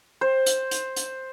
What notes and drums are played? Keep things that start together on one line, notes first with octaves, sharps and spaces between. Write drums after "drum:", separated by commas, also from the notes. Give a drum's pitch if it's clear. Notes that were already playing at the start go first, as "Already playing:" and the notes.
C5
drum: hi-hat
drum: hi-hat
drum: hi-hat